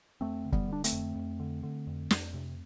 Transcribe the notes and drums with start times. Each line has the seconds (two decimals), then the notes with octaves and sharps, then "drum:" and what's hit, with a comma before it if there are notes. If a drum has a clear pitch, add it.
0.21 F2 A3 C4
0.45 D3
0.52 G3 B3, drum: kick
0.68 D3 D4
0.84 A3 C4, drum: hi-hat
0.92 F2
1.16 F2
1.40 D3
1.63 D3
1.87 F2
2.10 F2, drum: snare
2.34 C3